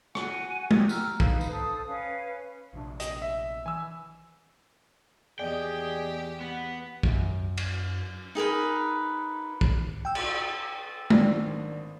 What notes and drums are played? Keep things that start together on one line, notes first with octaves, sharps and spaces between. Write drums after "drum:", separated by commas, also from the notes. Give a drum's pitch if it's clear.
F#4 F#5 G#5, drum: rim click
F#4 G4 C#6, drum: tom G#3
G5 A#5 E6 F6, drum: tambourine
D#4 B4 F5, drum: kick
drum: tambourine
A4 C5 D#6
C#4 B4 F5
A#1 C3 D4
D#5, drum: hi-hat
E5
E3 G#5 E6
E2 G4 G#4 D5 D#5 G5
B3 F#5
F#2, drum: kick
drum: cymbal
D#4 G#4 A#4 B4
drum: kick
G5 E6
drum: cymbal
G#1 D4, drum: tom G#3